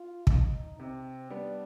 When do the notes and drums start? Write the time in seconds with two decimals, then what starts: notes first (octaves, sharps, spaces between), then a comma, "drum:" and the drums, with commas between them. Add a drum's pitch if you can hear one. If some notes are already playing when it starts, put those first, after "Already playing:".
Already playing: F4
0.27 D#4, drum: kick
0.79 C3 C4
1.30 G3 B3 D4